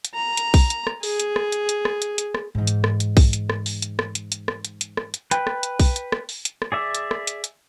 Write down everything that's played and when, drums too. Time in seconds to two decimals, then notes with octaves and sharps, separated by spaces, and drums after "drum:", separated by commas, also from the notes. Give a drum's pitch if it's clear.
0.05 drum: hi-hat
0.14 A#5
0.37 drum: hi-hat
0.54 drum: kick B1, open hi-hat
0.70 drum: hi-hat
0.87 drum: rim click
1.03 G#4, drum: open hi-hat
1.20 drum: hi-hat
1.36 drum: rim click
1.52 drum: hi-hat
1.69 drum: hi-hat
1.85 drum: rim click
2.02 drum: hi-hat
2.18 drum: hi-hat
2.35 drum: rim click
2.55 G#2 E3
2.67 drum: hi-hat
2.84 drum: rim click
3.00 drum: hi-hat
3.17 drum: kick B1, open hi-hat
3.33 drum: hi-hat
3.50 drum: rim click
3.66 drum: open hi-hat
3.82 drum: hi-hat
3.99 drum: rim click
4.15 drum: hi-hat
4.32 drum: hi-hat
4.48 drum: rim click
4.65 drum: hi-hat
4.81 drum: hi-hat
4.97 drum: rim click
5.14 drum: hi-hat
5.31 B4 G5, drum: hi-hat
5.47 drum: rim click
5.63 drum: hi-hat
5.80 drum: kick B1, open hi-hat
5.96 drum: hi-hat
6.12 drum: rim click
6.29 drum: open hi-hat
6.45 drum: hi-hat
6.62 drum: rim click
6.72 G#4 D5 E5
6.95 drum: hi-hat
7.11 drum: rim click
7.27 drum: hi-hat
7.44 drum: hi-hat